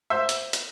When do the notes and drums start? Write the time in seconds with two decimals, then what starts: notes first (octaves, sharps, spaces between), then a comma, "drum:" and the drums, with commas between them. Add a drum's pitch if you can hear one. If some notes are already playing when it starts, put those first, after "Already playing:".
0.10 C5 E5
0.29 drum: hi-hat
0.53 drum: hi-hat